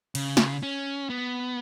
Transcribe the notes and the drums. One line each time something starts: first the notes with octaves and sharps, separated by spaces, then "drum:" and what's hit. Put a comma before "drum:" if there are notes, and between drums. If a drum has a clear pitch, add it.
C#3, drum: cymbal
drum: snare
C#4
B3